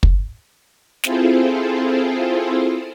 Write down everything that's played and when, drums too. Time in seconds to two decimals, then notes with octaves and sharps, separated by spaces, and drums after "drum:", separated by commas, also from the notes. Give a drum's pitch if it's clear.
0.03 drum: kick
1.04 C4 E4 F4 G#4 A4 C5, drum: snare